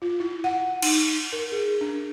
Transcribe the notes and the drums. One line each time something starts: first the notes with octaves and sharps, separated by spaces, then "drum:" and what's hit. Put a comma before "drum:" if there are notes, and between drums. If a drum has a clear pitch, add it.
F4
E4
F#5
D#4, drum: cymbal
A#4
G#4
D4